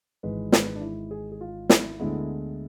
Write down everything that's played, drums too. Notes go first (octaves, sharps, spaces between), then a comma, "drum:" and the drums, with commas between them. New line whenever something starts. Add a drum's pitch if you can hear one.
G#1 G#2 E3 G#3 B4
B4, drum: snare
D4
E4
G#4
G#4
F4
E4, drum: snare
D2 D3 G#3 B3 E4